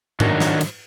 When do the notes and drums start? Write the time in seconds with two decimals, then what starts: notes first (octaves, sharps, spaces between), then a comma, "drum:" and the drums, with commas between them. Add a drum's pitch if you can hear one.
0.20 D#3 F#3 D4 A#4 C#5, drum: tom G#2
0.40 drum: snare
0.61 drum: cymbal